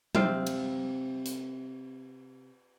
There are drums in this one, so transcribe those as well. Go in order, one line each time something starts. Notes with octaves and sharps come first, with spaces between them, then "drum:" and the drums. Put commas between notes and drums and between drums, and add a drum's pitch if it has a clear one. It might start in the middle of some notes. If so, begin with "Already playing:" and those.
C3 C4 F5, drum: tom F#3
drum: cymbal
drum: hi-hat